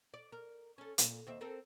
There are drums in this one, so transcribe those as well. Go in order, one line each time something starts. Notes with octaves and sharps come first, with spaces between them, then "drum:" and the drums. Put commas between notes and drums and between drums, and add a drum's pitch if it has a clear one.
D5
A#4
C#4 A4
A#2, drum: hi-hat
D#2 C4 E5
C4 A4 A#4